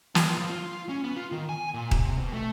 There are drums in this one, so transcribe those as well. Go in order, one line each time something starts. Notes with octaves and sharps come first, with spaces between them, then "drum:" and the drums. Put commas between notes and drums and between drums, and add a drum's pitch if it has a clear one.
F4, drum: snare
F3
F4
C#4
B3
F4
D#3
G#5
A#2
C3, drum: kick D#1
B2
A3